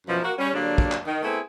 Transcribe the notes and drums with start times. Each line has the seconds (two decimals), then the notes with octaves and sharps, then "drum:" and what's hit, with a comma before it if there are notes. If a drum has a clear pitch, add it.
0.07 F#2 B2 E3 F3
0.23 A#3 F#4
0.38 G3 C#4
0.53 D3 F#3 G3 A#3 D4
0.78 drum: kick
0.92 drum: clap
1.06 D#3
1.22 A3 B3 C4 E4 G#4